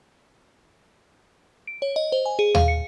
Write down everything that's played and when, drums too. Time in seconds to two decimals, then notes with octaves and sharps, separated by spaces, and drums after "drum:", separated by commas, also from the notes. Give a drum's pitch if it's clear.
1.67 D7
1.82 C#5
1.96 D#5
2.12 C5
2.26 G#5
2.39 G#4
2.55 F5, drum: tom D#2
2.68 C#7